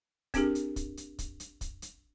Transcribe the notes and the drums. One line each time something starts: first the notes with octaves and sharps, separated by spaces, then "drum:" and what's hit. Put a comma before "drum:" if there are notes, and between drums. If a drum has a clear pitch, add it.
C4 D4 G4 G#4 A#4, drum: kick, hi-hat
drum: hi-hat
drum: kick, hi-hat
drum: hi-hat
drum: kick, hi-hat
drum: hi-hat
drum: kick, hi-hat
drum: hi-hat